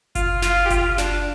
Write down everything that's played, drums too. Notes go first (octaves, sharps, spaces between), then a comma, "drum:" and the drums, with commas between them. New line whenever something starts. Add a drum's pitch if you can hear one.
F4, drum: kick F#1, hi-hat
F4, drum: snare
G4
F4, drum: kick F#1, hi-hat
D4, drum: snare